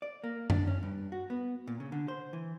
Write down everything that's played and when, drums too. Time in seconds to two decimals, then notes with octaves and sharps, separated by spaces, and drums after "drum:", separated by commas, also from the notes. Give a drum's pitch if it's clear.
0.02 D5
0.24 A#3
0.50 D4, drum: tom F#2
0.67 C#4
0.83 G2
1.12 F#4
1.30 B3
1.67 A#2
1.80 C#3
1.92 D3
2.08 C5
2.33 E3